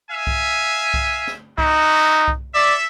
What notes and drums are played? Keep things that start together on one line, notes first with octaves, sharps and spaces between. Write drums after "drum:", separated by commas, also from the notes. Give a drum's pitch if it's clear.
E5 F5 G#5
drum: kick C2
drum: kick C2
drum: snare
D#4 E4 F#4, drum: kick C2
drum: kick C2
A4 D5 E5